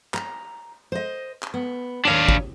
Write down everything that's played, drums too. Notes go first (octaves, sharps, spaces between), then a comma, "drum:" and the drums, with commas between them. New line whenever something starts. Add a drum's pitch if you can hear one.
A#5, drum: clap
C5 D#5
drum: clap
B3
D#2 D4 C#5 F5 G#5
drum: kick